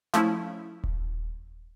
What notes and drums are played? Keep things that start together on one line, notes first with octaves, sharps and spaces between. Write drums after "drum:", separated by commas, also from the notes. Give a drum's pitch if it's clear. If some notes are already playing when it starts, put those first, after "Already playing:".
F3 A3 C#4 E4, drum: snare
drum: kick D#1